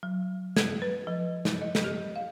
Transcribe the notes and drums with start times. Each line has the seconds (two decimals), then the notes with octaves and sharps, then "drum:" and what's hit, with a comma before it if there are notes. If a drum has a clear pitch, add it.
0.03 F#3
0.57 G#6, drum: snare
0.82 B4
1.07 F3
1.45 drum: snare
1.62 D#5
1.75 drum: snare
1.84 G4
2.16 F5